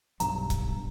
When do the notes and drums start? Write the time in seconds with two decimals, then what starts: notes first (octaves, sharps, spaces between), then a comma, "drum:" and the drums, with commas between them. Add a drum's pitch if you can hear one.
0.20 B1 G2 A#5, drum: hi-hat
0.50 drum: kick C#1, hi-hat